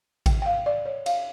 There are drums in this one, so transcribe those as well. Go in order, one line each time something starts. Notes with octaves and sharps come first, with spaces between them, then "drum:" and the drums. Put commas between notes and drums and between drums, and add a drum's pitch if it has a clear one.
G5, drum: kick A1, cymbal
G5
F5
D5
C#5
F5, drum: cymbal